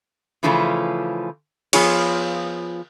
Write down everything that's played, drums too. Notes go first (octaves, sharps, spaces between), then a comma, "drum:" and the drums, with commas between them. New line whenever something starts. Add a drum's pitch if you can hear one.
C#3 E3 F3 A3 C#4 F4
F3 B3 F4 G#4 C#5, drum: cymbal